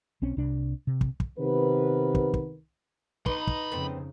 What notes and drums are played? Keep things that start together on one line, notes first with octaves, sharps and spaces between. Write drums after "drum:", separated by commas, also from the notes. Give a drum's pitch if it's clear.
B1 C4 C#4
C2 C3 D4
C3
drum: kick
drum: kick
C3 D#3 B3 A#4 B4
drum: kick
drum: kick
D#4 B4 D#5 B5 C6, drum: kick
drum: kick
F2 C#3 B3 C4